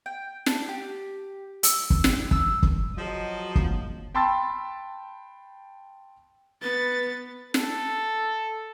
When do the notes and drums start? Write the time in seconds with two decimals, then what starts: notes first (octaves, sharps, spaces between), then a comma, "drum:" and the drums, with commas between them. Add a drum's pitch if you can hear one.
0.06 G5
0.46 D4, drum: snare
0.68 G4
1.63 E6, drum: hi-hat
1.90 drum: kick
2.04 drum: snare
2.31 E6, drum: kick
2.63 drum: kick
2.98 F3 F#3 G#4 D#5 A5
3.55 A#3 D4, drum: kick
4.15 G5 A5 B5 C6 E6 A6
6.62 B3 B4 A6
7.54 A4, drum: snare